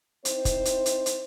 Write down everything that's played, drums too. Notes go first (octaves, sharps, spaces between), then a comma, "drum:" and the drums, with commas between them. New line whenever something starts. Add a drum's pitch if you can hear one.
C4 D#4 E4 C5, drum: hi-hat
drum: kick, hi-hat
drum: hi-hat
drum: hi-hat
drum: hi-hat